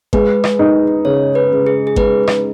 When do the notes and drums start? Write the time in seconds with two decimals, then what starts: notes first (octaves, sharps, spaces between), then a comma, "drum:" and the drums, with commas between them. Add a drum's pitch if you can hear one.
0.13 G#3 B4, drum: kick G#1
0.44 drum: rim click
0.59 D#4
1.05 C#3 C#5
1.35 B4
1.51 C#3
1.67 G#4
1.87 G#4
1.96 G#3 B4, drum: kick G#1
2.27 drum: rim click